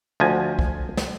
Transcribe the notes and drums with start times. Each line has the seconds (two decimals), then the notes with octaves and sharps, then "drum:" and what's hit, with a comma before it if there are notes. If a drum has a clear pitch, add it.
0.20 D2 F3 G#5
0.59 drum: kick
0.97 drum: snare